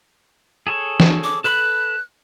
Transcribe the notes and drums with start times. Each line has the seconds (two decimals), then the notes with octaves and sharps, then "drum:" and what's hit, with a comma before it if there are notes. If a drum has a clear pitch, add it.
0.67 G#4 A4 C#5
1.00 drum: snare
1.24 D6
1.44 A4 B4 B5 F#6